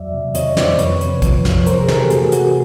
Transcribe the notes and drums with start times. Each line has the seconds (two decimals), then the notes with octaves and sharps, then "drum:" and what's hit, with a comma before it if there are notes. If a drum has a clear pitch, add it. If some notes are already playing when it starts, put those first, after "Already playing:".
Already playing: E2 F#3 D5 E5
0.14 C3
0.35 D#3 C#5 D#5, drum: hi-hat
0.57 F2 C5 D5, drum: snare
0.78 F2 B4 C#5, drum: hi-hat
1.01 C3, drum: hi-hat
1.22 F3, drum: kick, hi-hat
1.45 F2, drum: snare
1.56 C#5
1.66 C3 A#4 C5, drum: hi-hat
1.80 G#4 A#4
1.88 E3, drum: snare
1.95 G4 A4
2.10 A3 F#4 G#4, drum: hi-hat
2.32 C3 F#4 G#4, drum: hi-hat